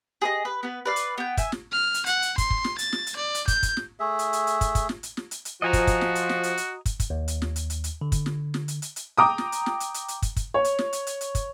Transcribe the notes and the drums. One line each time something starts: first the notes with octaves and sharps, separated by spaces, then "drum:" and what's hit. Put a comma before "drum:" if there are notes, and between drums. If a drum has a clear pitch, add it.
G#4 C5 D#5
B4
B3 B4
B4 D5 F5
drum: hi-hat
B3 G5
E5 G#5, drum: kick, hi-hat
drum: snare
F6
drum: hi-hat
F#5, drum: hi-hat
drum: hi-hat
C6, drum: kick, hi-hat
drum: kick
drum: snare
A6, drum: hi-hat
drum: snare
drum: hi-hat
D5
drum: hi-hat
G6, drum: kick, hi-hat
drum: kick, hi-hat
drum: snare
A3 G#4 E5
drum: hi-hat
drum: hi-hat
drum: hi-hat
drum: kick, hi-hat
drum: kick, hi-hat
drum: snare
drum: hi-hat
drum: snare
drum: hi-hat
drum: hi-hat
F3 F#4 D#5 G#5 A#5
drum: kick, hi-hat
drum: kick, hi-hat
drum: snare
drum: hi-hat
drum: snare
drum: hi-hat
drum: hi-hat
drum: kick, hi-hat
drum: kick, hi-hat
D#2
drum: hi-hat
drum: snare
drum: hi-hat
drum: hi-hat
drum: hi-hat
D3
drum: kick, hi-hat
drum: snare
drum: snare
drum: hi-hat
drum: hi-hat
drum: hi-hat
G5 A#5 D6 D#6
drum: snare
drum: hi-hat
drum: snare
drum: hi-hat
drum: hi-hat
drum: hi-hat
drum: kick, hi-hat
drum: kick, hi-hat
C#5
drum: hi-hat
drum: snare
drum: hi-hat
drum: hi-hat
drum: hi-hat
drum: kick, hi-hat